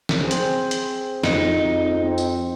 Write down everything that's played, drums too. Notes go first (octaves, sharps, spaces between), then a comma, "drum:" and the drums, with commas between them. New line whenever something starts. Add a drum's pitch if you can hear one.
drum: snare
C4 G#4 C5
drum: hi-hat
drum: hi-hat
F2 D#4, drum: snare
C4
drum: tambourine